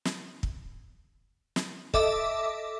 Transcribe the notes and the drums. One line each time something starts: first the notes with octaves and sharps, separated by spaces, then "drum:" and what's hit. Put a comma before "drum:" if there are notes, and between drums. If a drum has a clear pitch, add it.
drum: snare
drum: kick
drum: snare
A4 D#5 E5 D6, drum: kick